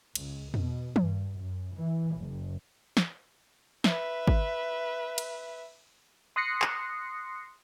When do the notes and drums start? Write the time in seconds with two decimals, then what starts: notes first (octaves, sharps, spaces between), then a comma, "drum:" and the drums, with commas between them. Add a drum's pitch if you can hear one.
0.15 C#2, drum: cymbal
0.54 B2, drum: tom E2
0.96 G2, drum: tom
1.38 F#2
1.76 E3
2.16 F#1
2.97 drum: snare
3.84 B4 E5, drum: snare
4.28 drum: kick G#1
5.18 drum: cymbal
6.36 C6 D#6 F#6 A#6 C7 C#7
6.62 drum: clap